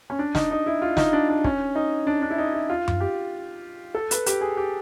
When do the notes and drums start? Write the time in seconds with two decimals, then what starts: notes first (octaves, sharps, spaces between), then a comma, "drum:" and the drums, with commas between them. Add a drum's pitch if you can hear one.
0.10 C#4
0.19 D4
0.35 D#4, drum: snare
0.51 D#4
0.66 E4
0.82 F4
0.97 D#4, drum: snare
1.13 D4
1.29 D4
1.44 C#4, drum: kick
1.75 D#4
2.07 D4
2.22 D4
2.30 E4
2.38 D#4
2.54 E4
2.69 F4
2.88 drum: tom F#2
3.00 G4
3.95 A4
4.11 B4, drum: hi-hat
4.26 G4, drum: hi-hat
4.41 G#4
4.57 G4